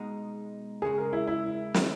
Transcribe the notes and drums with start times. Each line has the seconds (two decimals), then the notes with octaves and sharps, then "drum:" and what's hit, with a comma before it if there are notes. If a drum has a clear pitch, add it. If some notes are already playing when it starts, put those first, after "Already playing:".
Already playing: B2 G#3 D#4
0.82 C#2 C#3 G#3 G#4
0.98 A#4
1.13 E4
1.27 E4
1.74 D#3 G#3 B3 D#4, drum: snare